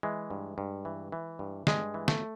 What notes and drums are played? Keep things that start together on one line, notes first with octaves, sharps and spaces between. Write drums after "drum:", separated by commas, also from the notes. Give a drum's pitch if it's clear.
E3 G#3
G2
G2
E3
E3
G2
G2 G#3, drum: snare
E3
A3, drum: snare